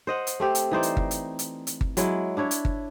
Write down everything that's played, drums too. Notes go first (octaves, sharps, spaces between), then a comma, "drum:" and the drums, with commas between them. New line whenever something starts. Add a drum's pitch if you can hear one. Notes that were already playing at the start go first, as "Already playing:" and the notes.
C5 D#5 F#5
drum: hi-hat
A3 C4 G4
drum: hi-hat
E3 D#4 C5 D5
drum: hi-hat
drum: kick G1
drum: hi-hat
drum: hi-hat
drum: hi-hat
drum: kick G1
F#3 G#3 E4, drum: hi-hat
D4 E4 C#5
drum: hi-hat
drum: kick G1